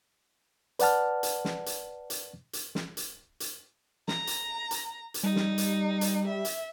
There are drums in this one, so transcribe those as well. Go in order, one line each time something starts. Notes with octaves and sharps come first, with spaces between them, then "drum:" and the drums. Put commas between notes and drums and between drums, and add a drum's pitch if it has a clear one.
B4 D5 F#5 A5 F6, drum: hi-hat
drum: hi-hat
drum: snare
drum: hi-hat
drum: hi-hat
drum: hi-hat
drum: snare
drum: hi-hat
drum: hi-hat
A#5, drum: snare
drum: hi-hat
drum: hi-hat
drum: hi-hat
G3 D#4
drum: snare
drum: hi-hat
drum: hi-hat
E5
drum: hi-hat